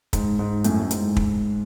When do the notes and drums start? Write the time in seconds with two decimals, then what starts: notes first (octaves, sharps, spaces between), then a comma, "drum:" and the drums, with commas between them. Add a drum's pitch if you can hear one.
0.13 G#2, drum: kick, hi-hat
0.39 G#2
0.64 F#2 A2, drum: hi-hat
0.83 A2
0.91 G#2, drum: hi-hat
1.16 drum: kick